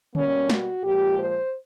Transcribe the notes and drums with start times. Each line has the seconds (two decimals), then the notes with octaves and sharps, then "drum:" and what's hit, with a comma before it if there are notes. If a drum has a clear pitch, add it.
0.15 B2 G3 A#3 C#4, drum: tom D3
0.49 F#4, drum: snare
0.84 A#2 F3 G#3 G4
1.18 C5